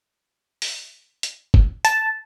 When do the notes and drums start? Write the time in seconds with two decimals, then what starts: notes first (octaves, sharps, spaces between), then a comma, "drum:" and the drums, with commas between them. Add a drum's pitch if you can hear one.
0.62 drum: open hi-hat
1.23 drum: hi-hat
1.54 drum: kick G1
1.85 A5, drum: hi-hat